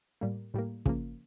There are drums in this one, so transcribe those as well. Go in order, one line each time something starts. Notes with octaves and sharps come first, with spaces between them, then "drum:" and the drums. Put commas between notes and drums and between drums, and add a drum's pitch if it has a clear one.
A2 G3 A#3
A2 G3 A#3
C#3 F3 A#3, drum: kick